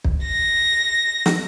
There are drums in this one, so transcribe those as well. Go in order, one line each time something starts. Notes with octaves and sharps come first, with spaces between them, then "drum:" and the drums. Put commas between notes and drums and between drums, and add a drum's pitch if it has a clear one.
drum: kick
A#6
drum: snare